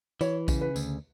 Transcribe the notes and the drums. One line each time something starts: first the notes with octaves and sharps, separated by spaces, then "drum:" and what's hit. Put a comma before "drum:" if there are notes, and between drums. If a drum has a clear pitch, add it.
E3 C#5, drum: tambourine
C#3, drum: kick A#1, tambourine
B4
D2, drum: tambourine